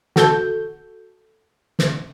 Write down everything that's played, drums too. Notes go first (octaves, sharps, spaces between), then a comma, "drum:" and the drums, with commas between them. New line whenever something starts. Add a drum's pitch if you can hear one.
F#4 A4 G6, drum: snare
drum: snare